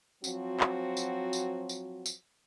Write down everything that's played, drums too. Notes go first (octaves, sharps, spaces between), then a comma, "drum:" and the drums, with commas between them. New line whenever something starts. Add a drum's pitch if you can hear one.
F3 F#3 C4 F#4, drum: tambourine
drum: clap
drum: tambourine
drum: tambourine
drum: tambourine
drum: tambourine